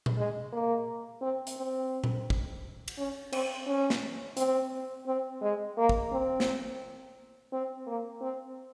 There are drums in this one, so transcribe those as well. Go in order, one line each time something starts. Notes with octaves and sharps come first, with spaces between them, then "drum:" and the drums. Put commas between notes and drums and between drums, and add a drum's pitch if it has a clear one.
drum: tom A#2
G#3
A#3
C4
drum: hi-hat
C4
drum: tom A#2
drum: kick
drum: cymbal
C#4
C4, drum: cymbal
C#4
drum: snare
C4, drum: hi-hat
C4
G#3
A#3
drum: kick
C4
drum: snare
C4
A#3
C4